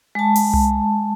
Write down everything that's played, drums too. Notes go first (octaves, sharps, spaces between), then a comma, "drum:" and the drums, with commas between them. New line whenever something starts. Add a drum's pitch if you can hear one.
G#3 A5
drum: open hi-hat
drum: tom C2